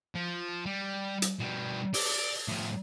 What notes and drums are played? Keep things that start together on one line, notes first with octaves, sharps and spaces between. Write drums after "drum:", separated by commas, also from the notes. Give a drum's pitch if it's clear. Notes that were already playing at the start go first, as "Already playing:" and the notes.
F3
G3
drum: hi-hat
B2 G3
D5, drum: open hi-hat
A2 F3